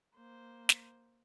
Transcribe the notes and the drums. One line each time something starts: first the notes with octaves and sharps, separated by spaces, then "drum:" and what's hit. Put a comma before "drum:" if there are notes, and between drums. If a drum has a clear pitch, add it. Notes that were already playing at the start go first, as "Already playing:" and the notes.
A#3 C5
drum: snare